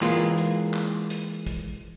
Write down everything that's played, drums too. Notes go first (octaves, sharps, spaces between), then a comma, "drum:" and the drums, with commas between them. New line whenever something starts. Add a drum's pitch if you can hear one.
E3 G#3 A#3 F4, drum: clap
drum: hi-hat
drum: clap
drum: hi-hat
drum: kick, hi-hat